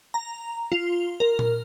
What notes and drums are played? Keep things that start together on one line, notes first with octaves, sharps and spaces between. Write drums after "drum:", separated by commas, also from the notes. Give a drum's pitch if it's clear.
A#5
F4
A#4
drum: tom A#2